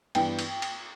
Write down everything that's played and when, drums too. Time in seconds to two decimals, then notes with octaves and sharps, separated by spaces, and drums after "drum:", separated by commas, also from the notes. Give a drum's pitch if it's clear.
0.15 G2 E3 B3 D4 G5, drum: cymbal
0.39 drum: cymbal
0.62 drum: cymbal